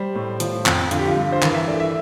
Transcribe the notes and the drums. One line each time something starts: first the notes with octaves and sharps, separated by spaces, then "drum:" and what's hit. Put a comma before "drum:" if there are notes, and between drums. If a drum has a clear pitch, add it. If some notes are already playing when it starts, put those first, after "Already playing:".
Already playing: G3 C5
A2
F3, drum: hi-hat
F2, drum: clap
D3 F4, drum: hi-hat
G4
F4
G2
C5
E3 A#4, drum: clap
E5
A3 D5
E5